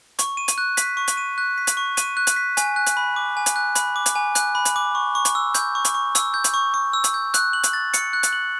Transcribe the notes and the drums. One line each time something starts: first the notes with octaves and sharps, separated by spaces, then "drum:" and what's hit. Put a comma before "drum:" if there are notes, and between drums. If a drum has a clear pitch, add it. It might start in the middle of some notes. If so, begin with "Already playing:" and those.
C#6, drum: hi-hat
D#7
drum: hi-hat
F#6
B6, drum: hi-hat
C#6
drum: hi-hat
D#7
F#6
B6
drum: hi-hat
C#6
D#7, drum: hi-hat
F#6
drum: hi-hat
B6
G#5, drum: hi-hat
F#6
drum: hi-hat
B5
D6
G#5
drum: hi-hat
F#6
B5, drum: hi-hat
D6
drum: hi-hat
G#5
F#6, drum: hi-hat
B5
drum: hi-hat
D6
C#6
C#6
drum: hi-hat
E6
G6, drum: hi-hat
C#6
drum: hi-hat
C#6
E6, drum: hi-hat
G6
drum: hi-hat
C#6
C#6
E6
drum: hi-hat
G6
F#6, drum: hi-hat
F#7
drum: hi-hat
A6
C#7, drum: hi-hat
F#6
drum: hi-hat
F#7